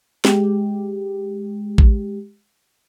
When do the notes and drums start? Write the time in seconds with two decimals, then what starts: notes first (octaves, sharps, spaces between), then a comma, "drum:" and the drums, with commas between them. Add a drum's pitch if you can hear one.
0.25 G#3 G4, drum: snare
1.78 drum: kick A1